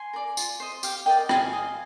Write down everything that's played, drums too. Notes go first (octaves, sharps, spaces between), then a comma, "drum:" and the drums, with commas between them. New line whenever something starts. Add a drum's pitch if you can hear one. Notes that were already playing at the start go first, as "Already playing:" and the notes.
Already playing: G#5 C6
A#4 D5
F4, drum: tambourine
C5 D#5
G4 F5, drum: tambourine
A#4 D5 D#5 G5
G#4 F5 G#5, drum: rim click
D#5